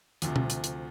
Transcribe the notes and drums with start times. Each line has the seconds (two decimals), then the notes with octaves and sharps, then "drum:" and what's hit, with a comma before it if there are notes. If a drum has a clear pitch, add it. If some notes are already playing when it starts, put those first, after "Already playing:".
0.22 D2 C3 F3, drum: hi-hat
0.36 drum: tom B2
0.50 drum: hi-hat
0.64 drum: hi-hat